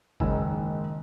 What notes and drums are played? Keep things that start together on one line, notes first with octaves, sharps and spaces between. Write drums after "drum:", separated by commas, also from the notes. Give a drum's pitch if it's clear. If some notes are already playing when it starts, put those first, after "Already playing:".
F#1 G#2 D#3 D#4 G#5 E6, drum: kick F#1